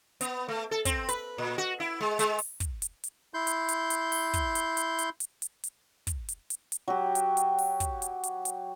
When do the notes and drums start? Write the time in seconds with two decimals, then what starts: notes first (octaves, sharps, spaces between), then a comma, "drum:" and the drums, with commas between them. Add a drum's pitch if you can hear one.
0.21 B3, drum: hi-hat
0.48 A3
0.71 A4
0.85 C4, drum: kick, hi-hat
1.09 B4, drum: hi-hat
1.38 A#2
1.58 F#4
1.80 E4
2.01 G#3
2.19 G#3, drum: hi-hat
2.39 drum: open hi-hat
2.60 drum: kick, hi-hat
2.82 drum: hi-hat
3.04 drum: hi-hat
3.34 E4 C6 G6
3.47 drum: hi-hat
3.69 drum: hi-hat
3.90 drum: hi-hat
4.12 drum: open hi-hat
4.34 drum: kick, hi-hat
4.55 drum: hi-hat
4.77 drum: hi-hat
4.99 drum: hi-hat
5.20 drum: hi-hat
5.42 drum: hi-hat
5.64 drum: hi-hat
6.07 drum: kick, hi-hat
6.29 drum: hi-hat
6.50 drum: hi-hat
6.72 drum: hi-hat
6.88 F#3 G4
7.15 drum: hi-hat
7.37 drum: hi-hat
7.58 drum: open hi-hat
7.80 drum: kick, hi-hat
8.02 drum: hi-hat
8.23 drum: hi-hat
8.45 drum: hi-hat